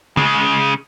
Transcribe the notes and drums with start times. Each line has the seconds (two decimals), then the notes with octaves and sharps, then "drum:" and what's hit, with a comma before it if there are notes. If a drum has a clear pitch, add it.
0.17 C#3 G#3, drum: tom C#3